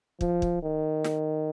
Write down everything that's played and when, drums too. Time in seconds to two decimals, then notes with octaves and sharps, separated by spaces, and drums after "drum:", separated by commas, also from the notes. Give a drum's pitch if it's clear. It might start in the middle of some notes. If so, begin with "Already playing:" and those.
0.21 F3, drum: kick
0.42 drum: kick
0.62 D#3
1.04 drum: snare